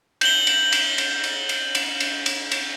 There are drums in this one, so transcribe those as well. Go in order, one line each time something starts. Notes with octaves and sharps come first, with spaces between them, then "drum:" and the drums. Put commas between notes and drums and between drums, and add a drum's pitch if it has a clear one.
G6 F#7 G7, drum: cymbal
drum: cymbal
drum: cymbal
drum: cymbal
drum: cymbal
drum: cymbal
drum: cymbal
drum: cymbal
drum: cymbal
drum: cymbal